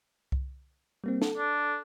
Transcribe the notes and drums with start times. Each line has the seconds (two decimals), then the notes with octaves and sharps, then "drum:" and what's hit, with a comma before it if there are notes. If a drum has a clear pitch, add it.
0.32 drum: kick C2
1.04 G3 A#3 C4
1.22 A4, drum: snare
1.38 D4